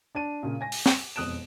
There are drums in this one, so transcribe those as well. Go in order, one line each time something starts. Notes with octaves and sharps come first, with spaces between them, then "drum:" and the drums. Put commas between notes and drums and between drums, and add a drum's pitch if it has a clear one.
D4 A5 D#7
A#2 C#3
G#5 A#6
drum: open hi-hat
drum: snare
E1 F2 D#6 F#6 D7 E7